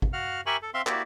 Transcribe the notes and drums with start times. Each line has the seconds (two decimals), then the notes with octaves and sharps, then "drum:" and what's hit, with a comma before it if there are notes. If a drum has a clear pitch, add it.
0.02 drum: kick
0.13 F#4 F5 F#5 F6
0.46 G4 A#4 E5 G#5 B5 C#6
0.62 A4
0.74 C4 E5 F5 C6
0.87 A#3 E4 F#4 G4 D5, drum: clap